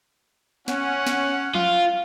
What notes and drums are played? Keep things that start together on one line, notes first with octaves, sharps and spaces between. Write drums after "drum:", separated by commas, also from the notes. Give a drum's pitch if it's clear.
C#4 F#5, drum: snare
drum: snare
F4, drum: tom F3